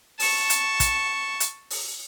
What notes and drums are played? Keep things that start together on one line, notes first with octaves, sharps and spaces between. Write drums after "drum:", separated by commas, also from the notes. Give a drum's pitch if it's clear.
A5 C#6, drum: open hi-hat
drum: hi-hat
drum: kick, hi-hat
drum: hi-hat
drum: open hi-hat